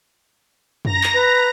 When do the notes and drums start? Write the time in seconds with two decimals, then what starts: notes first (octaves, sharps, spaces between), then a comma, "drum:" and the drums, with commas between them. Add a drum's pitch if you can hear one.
0.85 A#5 A#6, drum: tom F#2
1.03 drum: clap
1.14 B4